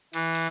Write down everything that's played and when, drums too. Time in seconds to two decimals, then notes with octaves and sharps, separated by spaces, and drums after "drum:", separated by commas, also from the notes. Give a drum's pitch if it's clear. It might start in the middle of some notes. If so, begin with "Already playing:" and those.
0.13 E3, drum: cymbal
0.35 drum: cymbal